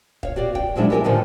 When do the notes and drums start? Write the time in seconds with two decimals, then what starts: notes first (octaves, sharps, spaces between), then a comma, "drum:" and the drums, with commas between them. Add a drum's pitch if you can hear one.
0.23 C#5 F5, drum: kick
0.36 F#4 G4 D5 F5
0.55 G5, drum: kick
0.76 F3 F#3 G#3 D4 E4
0.90 G4 A4 A#4 C#5 E5 G#5
1.04 A2 D3 D#3 F3 G3